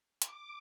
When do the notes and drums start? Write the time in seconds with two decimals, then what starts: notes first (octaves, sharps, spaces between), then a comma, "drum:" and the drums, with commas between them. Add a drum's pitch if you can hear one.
0.22 D6, drum: hi-hat